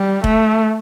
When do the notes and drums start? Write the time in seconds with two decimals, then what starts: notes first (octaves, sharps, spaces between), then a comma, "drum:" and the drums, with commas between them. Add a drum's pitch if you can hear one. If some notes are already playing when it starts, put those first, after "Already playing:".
Already playing: G3
0.24 A3, drum: kick F1